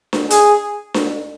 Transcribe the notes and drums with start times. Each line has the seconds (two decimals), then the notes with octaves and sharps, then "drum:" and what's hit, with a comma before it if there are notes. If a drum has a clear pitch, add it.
0.13 drum: snare D4
0.30 G#4, drum: hi-hat
0.94 drum: snare D4